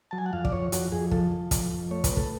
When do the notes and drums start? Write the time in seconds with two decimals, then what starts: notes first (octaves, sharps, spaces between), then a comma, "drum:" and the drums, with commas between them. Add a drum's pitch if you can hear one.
0.11 F#3 A5
0.18 G#5
0.26 F#5
0.33 F2 F5
0.45 D5, drum: kick
0.52 F2 C#5
0.72 F2 F#4, drum: hi-hat
0.92 F2 G#4
1.11 F3 A4, drum: kick
1.32 F3
1.51 F2, drum: kick, hi-hat
1.71 F2
1.91 A3 C#5
2.04 B4, drum: kick, hi-hat
2.11 A3
2.17 A4, drum: kick